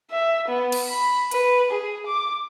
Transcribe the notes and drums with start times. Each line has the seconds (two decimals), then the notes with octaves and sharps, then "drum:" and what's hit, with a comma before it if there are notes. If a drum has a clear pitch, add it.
0.11 E5
0.48 B3
0.72 drum: cymbal
0.89 B5
1.31 B4, drum: hi-hat
1.71 G#4
2.07 D6